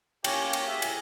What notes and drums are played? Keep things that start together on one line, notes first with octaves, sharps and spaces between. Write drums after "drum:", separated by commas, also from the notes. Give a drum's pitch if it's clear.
A#3 C#4 G4 C#5 G5, drum: cymbal
drum: cymbal
G#4 E5
drum: cymbal